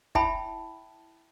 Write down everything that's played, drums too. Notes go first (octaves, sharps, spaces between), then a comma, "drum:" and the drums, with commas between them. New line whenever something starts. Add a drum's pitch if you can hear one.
E4 E5 G5 A5 B5, drum: kick